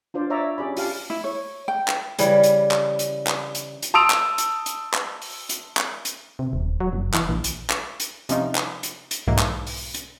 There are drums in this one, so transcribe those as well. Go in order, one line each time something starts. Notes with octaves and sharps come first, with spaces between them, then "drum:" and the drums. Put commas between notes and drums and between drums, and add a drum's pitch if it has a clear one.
D4 F4 C5 D5
C#5 D5 E5 A#5 D6
C#4 G4 G#4 D5 B5
F4 G4 F5 A5, drum: open hi-hat
E4
C#5
G5
drum: clap
C#3 E3 G3, drum: hi-hat
drum: hi-hat
drum: clap
drum: hi-hat
drum: clap
drum: hi-hat
drum: hi-hat
A5 C6 D#6 E6 D7 F7
drum: clap
drum: hi-hat
drum: hi-hat
drum: clap
drum: open hi-hat
drum: hi-hat
drum: clap
drum: hi-hat
C3
D#1
F#3
F#1
E3, drum: clap
A#1
drum: hi-hat
C#6 D6 E6, drum: clap
drum: hi-hat
C3 F3 C#4 D#4 F4, drum: hi-hat
drum: clap
drum: hi-hat
drum: hi-hat
B1 G#2 E3 A#3
drum: clap
drum: open hi-hat
drum: hi-hat